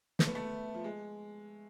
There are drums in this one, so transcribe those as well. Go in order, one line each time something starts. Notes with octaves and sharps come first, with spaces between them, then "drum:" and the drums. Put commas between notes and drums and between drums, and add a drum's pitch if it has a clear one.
A3, drum: snare
B3
A3
F3
G#3